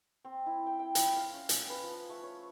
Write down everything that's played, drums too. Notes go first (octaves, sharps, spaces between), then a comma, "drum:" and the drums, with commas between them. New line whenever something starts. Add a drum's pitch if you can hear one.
C4
E4
G5
G5
E4, drum: hi-hat
F5
C#4
G#5, drum: hi-hat
B4
F3
A3
C#5